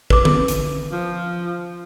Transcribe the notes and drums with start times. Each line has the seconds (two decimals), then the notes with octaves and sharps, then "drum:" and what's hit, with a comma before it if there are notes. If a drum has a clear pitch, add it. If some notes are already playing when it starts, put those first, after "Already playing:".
0.10 B4 D6, drum: kick
0.25 drum: tom D3
0.48 drum: hi-hat
0.92 F3